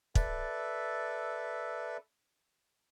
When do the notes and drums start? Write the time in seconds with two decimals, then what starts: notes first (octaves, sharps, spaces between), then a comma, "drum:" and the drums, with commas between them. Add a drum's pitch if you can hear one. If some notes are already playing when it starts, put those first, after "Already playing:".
0.15 A4 B4 D5 E5, drum: kick